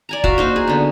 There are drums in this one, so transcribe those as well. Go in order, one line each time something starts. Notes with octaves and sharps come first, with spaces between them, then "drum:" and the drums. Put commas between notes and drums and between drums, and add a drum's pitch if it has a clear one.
D5 G#5 A#5
F#4 E5 F5, drum: kick
A#3 D#4 C5
G#4
D3 B3